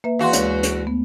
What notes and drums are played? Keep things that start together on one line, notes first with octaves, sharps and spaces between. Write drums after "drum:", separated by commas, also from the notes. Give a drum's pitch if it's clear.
A#3 B4 E5
E2 F#4 F5 F#5 C6
D2 G#3 C#5, drum: hi-hat
drum: hi-hat
A3 B3